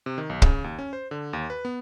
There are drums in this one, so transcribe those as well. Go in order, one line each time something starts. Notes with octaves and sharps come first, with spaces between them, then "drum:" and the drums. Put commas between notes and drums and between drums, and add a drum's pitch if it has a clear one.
C3
D#3
B1
C#3, drum: kick
D#2
C#4
C5
D3
D#2
B4
B3